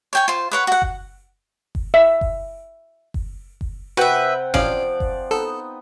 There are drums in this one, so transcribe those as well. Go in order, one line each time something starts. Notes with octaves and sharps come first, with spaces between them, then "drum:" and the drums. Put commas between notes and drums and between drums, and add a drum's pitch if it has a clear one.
C#5 G5 G#5
F4 C5
B4 C#5 F#5
F#4 F#5
drum: kick F#1
drum: kick F#1
E5
drum: kick F#1
drum: kick F#1
drum: kick F#1
C3 F#4 B4 E5 F#5 G5
A1 F3 C#4 D5 F5, drum: kick F#1
drum: kick F#1
B3 D#4 A4 D#5